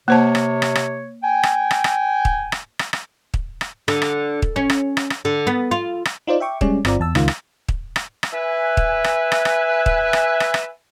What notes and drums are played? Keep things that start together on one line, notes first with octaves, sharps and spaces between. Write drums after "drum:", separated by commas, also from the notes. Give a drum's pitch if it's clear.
C3 A#3 C5 C#5 A5
drum: rim click
drum: rim click
drum: rim click
G5 G#5
drum: rim click
drum: rim click
drum: rim click
drum: kick
drum: rim click
drum: rim click
drum: rim click
drum: kick
drum: rim click
D3, drum: rim click
drum: rim click
drum: kick
C#4
drum: rim click
drum: rim click
drum: rim click
D3
B3
F4
drum: rim click
D#4 F4 C5 D5
E5 G5 C#6 D6
G3 G#3 C#4 D5, drum: kick
G1 C4 F4 D5 A#5, drum: rim click
E2 A5 E6
C#2 D#3 F4, drum: rim click
drum: rim click
drum: kick
drum: rim click
drum: rim click
B4 E5 G#5
drum: kick
drum: rim click
drum: rim click
drum: rim click
drum: kick
drum: rim click
drum: rim click
drum: rim click